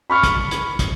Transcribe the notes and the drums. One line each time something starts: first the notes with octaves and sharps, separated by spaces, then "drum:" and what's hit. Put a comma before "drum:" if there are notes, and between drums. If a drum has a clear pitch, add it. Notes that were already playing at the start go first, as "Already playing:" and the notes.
B5 C#6 F6 C#7
drum: kick, hi-hat
drum: hi-hat
drum: kick, hi-hat